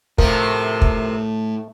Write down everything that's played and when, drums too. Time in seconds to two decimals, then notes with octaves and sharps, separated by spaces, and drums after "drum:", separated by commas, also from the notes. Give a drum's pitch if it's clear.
0.18 A2 C3 F3 A3 A#4, drum: kick
0.82 drum: kick